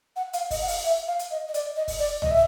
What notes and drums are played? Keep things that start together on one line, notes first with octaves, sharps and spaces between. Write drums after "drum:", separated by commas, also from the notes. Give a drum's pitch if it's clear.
F#5
F5, drum: hi-hat
D#5, drum: kick, open hi-hat
F#5
F5, drum: open hi-hat
E5
F5
drum: hi-hat
D#5
D#5
D5, drum: hi-hat
D#5
drum: kick, open hi-hat
D5
D#5, drum: tom
E5